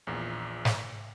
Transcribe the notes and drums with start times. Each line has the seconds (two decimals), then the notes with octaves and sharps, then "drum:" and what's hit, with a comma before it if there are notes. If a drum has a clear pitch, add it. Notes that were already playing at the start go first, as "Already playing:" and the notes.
0.07 A#1 E2 A#2
0.65 drum: snare